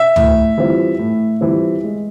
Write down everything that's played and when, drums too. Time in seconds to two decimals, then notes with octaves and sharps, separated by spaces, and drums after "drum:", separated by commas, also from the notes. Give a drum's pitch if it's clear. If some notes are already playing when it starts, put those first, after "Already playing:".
Already playing: E5
0.16 A2, drum: tom C#2
0.58 E3 G3 C4 F4
0.99 A2
1.41 E3 G3 C4 F4
1.84 G#3